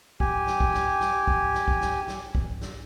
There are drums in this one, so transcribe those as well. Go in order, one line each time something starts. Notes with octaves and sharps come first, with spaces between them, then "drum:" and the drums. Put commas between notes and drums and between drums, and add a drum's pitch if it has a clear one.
G4 G#5, drum: kick
drum: snare
drum: kick
drum: snare
drum: snare
drum: kick
drum: snare
drum: kick
drum: snare
drum: snare
drum: kick
drum: snare